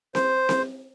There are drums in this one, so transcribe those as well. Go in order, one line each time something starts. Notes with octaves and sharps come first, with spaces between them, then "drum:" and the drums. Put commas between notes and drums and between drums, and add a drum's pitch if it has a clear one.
C5, drum: snare C4
drum: snare C4